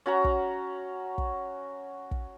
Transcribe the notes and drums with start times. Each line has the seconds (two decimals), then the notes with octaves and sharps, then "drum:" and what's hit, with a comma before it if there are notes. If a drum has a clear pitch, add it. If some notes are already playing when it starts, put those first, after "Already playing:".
0.06 C#4 F#4 F#5 A#5
0.24 drum: kick
1.18 drum: kick
2.11 drum: kick